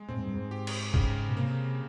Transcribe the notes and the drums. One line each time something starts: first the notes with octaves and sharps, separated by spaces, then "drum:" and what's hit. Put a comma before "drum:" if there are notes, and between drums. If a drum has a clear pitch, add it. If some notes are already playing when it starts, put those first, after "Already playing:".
Already playing: G#3
A2 C4
G#2
G2
G#2
G4
drum: cymbal
G#2 C#3, drum: kick G1
B2
C3 A#3